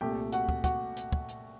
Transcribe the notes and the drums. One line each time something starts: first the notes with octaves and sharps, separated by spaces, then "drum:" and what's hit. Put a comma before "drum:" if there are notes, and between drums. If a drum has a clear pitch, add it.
C2 A#2 A3 G4 G5
F#4 F#5, drum: hi-hat
drum: kick
F#4 F#5, drum: kick, hi-hat
drum: hi-hat
drum: kick
drum: hi-hat